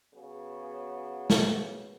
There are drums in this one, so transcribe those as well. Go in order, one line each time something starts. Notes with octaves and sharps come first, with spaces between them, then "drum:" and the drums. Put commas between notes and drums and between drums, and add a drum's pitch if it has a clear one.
C#3 F#3 B3
drum: snare